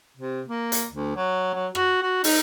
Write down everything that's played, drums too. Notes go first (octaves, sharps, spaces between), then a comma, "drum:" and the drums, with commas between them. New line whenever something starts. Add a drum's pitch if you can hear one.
C3
A#3
drum: hi-hat
D2
F#3
F#3
F#4, drum: rim click
F#4
D#4, drum: open hi-hat